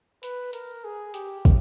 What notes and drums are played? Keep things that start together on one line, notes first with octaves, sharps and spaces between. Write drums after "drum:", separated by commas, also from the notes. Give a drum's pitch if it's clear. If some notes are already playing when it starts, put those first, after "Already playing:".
B4, drum: hi-hat
A#4, drum: hi-hat
G#4
G4, drum: hi-hat
drum: kick, hi-hat